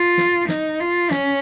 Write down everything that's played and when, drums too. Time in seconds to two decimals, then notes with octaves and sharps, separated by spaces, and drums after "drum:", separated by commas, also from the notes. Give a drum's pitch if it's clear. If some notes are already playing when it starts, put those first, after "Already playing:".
Already playing: F4
0.18 drum: snare
0.49 D#4, drum: snare
0.80 F4
1.11 C#4, drum: snare